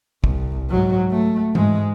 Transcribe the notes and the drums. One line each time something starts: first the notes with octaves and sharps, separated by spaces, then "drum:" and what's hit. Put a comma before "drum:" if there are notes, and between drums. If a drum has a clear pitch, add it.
C2, drum: kick
G#2 F#3
A3
G#2 G#3, drum: tom E3